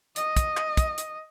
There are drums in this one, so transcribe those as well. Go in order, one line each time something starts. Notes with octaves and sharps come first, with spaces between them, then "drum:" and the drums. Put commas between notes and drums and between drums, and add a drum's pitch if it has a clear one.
D#5, drum: hi-hat
drum: kick, hi-hat
drum: clap
drum: kick, hi-hat
drum: hi-hat